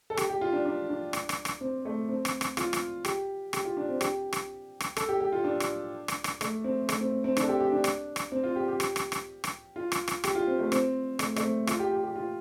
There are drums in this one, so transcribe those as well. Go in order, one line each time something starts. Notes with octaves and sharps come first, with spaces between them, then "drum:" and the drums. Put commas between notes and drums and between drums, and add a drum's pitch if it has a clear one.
A4
G4, drum: rim click
G4
F4
D4
D4
D4
drum: rim click
drum: rim click
drum: rim click
C4
A3
C4
drum: rim click
drum: rim click
F4, drum: rim click
drum: rim click
G4, drum: rim click
G4, drum: rim click
F4
D4
C4
G4, drum: rim click
drum: rim click
drum: rim click
A4, drum: rim click
G4
G4
F4
D4
drum: rim click
drum: rim click
drum: rim click
A3, drum: rim click
C4
A3, drum: rim click
C4
C4
C4
D4, drum: rim click
A4
G4
G4
D4
drum: rim click
drum: rim click
C4
F4
G4
G4
drum: rim click
drum: rim click
drum: rim click
drum: rim click
F4
drum: rim click
drum: rim click
G4, drum: rim click
F4
C4
A3
C4, drum: rim click
A3, drum: rim click
A3, drum: rim click
C4
F4, drum: rim click
G4
G4
G4
F4